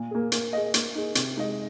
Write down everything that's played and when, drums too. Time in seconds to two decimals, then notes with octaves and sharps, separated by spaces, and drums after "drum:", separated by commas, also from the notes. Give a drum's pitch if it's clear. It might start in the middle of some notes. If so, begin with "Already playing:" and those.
Already playing: A#2
0.11 A#3 G#4
0.32 A#3, drum: hi-hat
0.53 G#4 D#5
0.74 A#3, drum: hi-hat
0.95 D#4 G#4
1.15 C3, drum: hi-hat
1.37 G#3 D#4 G#4 D#5